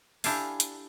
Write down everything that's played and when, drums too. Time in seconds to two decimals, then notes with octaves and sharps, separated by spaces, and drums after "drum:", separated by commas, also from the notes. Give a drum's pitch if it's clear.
0.24 D4 E4 G4 A4 F5 G#5, drum: open hi-hat
0.60 drum: hi-hat